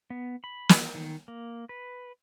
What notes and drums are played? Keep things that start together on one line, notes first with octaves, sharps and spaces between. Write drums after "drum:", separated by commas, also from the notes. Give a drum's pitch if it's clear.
B3
B5
drum: snare
D#3
A#3
B4